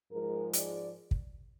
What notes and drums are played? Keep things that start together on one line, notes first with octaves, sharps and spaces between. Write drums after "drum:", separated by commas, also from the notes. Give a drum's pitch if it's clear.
G#2 F3 G#3 A#4
D5, drum: hi-hat
drum: kick